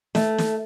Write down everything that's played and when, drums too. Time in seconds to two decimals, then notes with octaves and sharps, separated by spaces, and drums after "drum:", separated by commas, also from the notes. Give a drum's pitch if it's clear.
0.15 A3, drum: snare
0.38 drum: snare